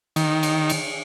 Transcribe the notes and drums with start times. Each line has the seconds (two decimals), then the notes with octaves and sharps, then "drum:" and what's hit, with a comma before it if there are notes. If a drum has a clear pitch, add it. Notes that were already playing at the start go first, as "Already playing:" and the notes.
0.16 D#3, drum: cymbal
0.43 drum: cymbal
0.70 drum: cymbal